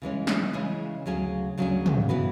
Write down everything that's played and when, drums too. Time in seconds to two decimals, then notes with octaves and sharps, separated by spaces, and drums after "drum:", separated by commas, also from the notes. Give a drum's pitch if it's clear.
0.02 C#3 E3 G#3 C#4
0.27 drum: snare
0.53 C#3 E3 G#3 C#4
1.06 D2 C#3 F#3 C#4 G#4
1.58 D2 C#3 F#3 C#4 G#4
1.86 drum: tom
2.09 E3 B3 F#4 B4